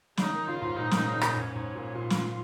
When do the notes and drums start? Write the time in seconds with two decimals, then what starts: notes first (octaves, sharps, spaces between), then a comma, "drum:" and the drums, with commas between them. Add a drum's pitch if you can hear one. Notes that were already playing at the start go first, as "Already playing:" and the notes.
0.17 C#3 D#4, drum: snare
0.32 D#3
0.47 C#3 F4
0.62 G#2
0.77 A#2 D#4
0.91 A#2, drum: snare
1.06 C#3
1.21 A#2, drum: rim click
1.36 G#2 C#4
1.56 G#2
1.75 A#2
1.95 A#2 F4
2.10 drum: snare